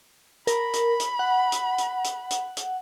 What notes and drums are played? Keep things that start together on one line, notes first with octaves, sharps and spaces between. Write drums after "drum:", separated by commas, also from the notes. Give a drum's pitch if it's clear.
A#4 B5, drum: hi-hat
drum: hi-hat
drum: hi-hat
F#5
drum: hi-hat
drum: hi-hat
drum: hi-hat
drum: hi-hat
drum: hi-hat